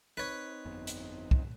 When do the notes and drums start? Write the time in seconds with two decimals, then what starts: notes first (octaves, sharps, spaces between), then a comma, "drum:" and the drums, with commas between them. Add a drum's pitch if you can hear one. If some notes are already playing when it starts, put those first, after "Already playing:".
0.17 C4 D#4 B4 C#5
0.65 G1 F2 B3
0.87 drum: hi-hat
1.31 drum: kick